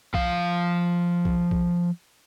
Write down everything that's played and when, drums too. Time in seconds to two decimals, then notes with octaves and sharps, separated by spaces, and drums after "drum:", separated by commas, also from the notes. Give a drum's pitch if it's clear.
0.14 F3 F5, drum: kick B1
1.25 drum: kick B1
1.51 drum: kick B1